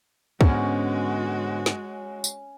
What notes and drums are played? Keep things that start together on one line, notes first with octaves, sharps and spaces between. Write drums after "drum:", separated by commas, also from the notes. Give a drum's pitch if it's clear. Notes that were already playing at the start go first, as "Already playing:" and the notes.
G#2 D3 G#3 B3 C#4 F#4, drum: kick
drum: snare
drum: tambourine